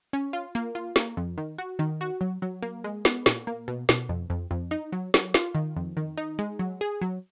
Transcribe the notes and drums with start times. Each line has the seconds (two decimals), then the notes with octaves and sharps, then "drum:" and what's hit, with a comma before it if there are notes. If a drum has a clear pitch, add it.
0.13 C#4
0.33 F4
0.55 A#3
0.75 F4
0.96 A#3, drum: snare
1.17 F2
1.38 D#3
1.58 F#4
1.79 D#3
2.01 F#4
2.21 F#3
2.42 F#3
2.62 A#3
2.84 G#3
3.05 B3, drum: snare
3.26 A#2, drum: snare
3.47 A#3
3.68 B2
3.89 B2, drum: snare
4.09 F2
4.30 F2
4.51 F2
4.71 D#4
4.92 F#3
5.14 F#3, drum: snare
5.34 F4, drum: snare
5.55 D#3
5.76 F2
5.97 D#3
6.17 D#4
6.39 G#3
6.59 F#3
6.81 G#4
7.01 F#3